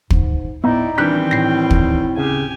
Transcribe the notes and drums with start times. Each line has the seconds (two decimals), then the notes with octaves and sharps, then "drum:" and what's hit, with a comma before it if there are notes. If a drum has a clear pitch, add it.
0.11 G#2, drum: kick
0.64 A2 B3 D#4 E4 D5
0.98 D#3 E3 G3 C4 D4 G5 F#6 B6
1.31 A2 A#6 C7
1.71 drum: kick
2.17 C#3 G4 G#5